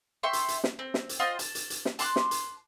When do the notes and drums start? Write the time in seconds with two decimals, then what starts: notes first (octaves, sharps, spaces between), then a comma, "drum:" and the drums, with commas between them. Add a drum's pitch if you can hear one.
0.23 E5 G5 C6 C#6
0.33 drum: hi-hat
0.48 drum: hi-hat
0.64 drum: snare
0.79 C4
0.94 drum: snare
1.09 drum: hi-hat
1.19 F4 C5 D#5 G5
1.39 A5, drum: hi-hat
1.55 drum: hi-hat
1.70 drum: hi-hat
1.85 drum: snare
1.99 A5 C6 D6 F#6, drum: hi-hat
2.16 drum: snare
2.31 drum: hi-hat